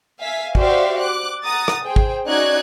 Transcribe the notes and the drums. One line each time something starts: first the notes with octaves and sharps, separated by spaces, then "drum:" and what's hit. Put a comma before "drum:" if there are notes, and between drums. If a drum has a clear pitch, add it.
E5 F5 G#5 B6
F#4 G4 C5 D5 E5 F5, drum: kick
D6 F#6
F#5 A#5 D#6 A6
drum: rim click
G#4 C5 G5
drum: kick
C#4 D#4 F#4 D5 F#6 G#6